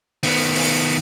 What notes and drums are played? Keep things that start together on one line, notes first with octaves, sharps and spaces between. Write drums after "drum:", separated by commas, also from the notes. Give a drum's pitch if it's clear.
D#3 B3, drum: open hi-hat
drum: open hi-hat